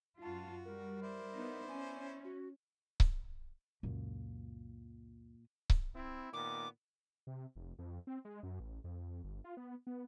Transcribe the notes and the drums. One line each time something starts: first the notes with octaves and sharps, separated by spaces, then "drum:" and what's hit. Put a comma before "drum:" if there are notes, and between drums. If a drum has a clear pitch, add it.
F#2 F4 F#4 A5
G3 A#4
E4 C5 D5
B3 D#4
C#4 G#5
F#4
drum: kick C#1
C#2 F#2 A#2
drum: kick C#1
C4 E4
A#2 D#3 B3 D6
C3
F1
F2
C4
G#3
F#2
A1
F2
G1
F4
B3
B3